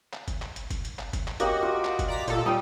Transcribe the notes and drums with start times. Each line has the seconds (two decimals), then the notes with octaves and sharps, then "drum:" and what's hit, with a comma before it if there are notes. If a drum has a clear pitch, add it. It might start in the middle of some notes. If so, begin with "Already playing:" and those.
0.13 drum: clap
0.28 drum: kick F#1, hi-hat
0.42 drum: clap
0.56 drum: hi-hat
0.70 drum: kick F#1, hi-hat
0.85 drum: hi-hat
0.99 drum: clap
1.13 drum: kick F#1, hi-hat
1.28 drum: clap
1.40 A#3 F#4 G4 D#5, drum: hi-hat
1.62 F4
1.85 drum: clap
1.99 drum: kick F#1, hi-hat
2.08 D5 A#5 B6
2.28 A#2 A4, drum: hi-hat
2.46 G3 F5 G5 D#6